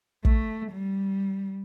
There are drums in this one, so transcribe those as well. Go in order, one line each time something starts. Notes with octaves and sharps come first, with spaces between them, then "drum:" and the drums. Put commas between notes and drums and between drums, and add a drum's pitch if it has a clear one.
A3, drum: kick
G3